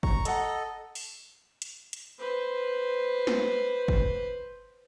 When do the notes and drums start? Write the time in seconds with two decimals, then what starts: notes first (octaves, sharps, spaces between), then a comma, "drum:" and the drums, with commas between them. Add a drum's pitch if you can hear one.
0.03 A#5 C#6, drum: kick
0.25 A4 D#5 F#5 A#5, drum: hi-hat
0.95 drum: open hi-hat
1.62 drum: hi-hat
1.93 drum: hi-hat
2.19 B4 C5
3.27 drum: snare
3.88 drum: kick